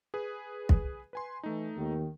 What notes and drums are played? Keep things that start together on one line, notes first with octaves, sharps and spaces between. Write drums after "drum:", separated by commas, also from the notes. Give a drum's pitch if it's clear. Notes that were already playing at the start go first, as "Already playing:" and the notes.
G#4 B4
drum: kick
B4 G#5 C6
E3 A3 D#4
D#2 D#3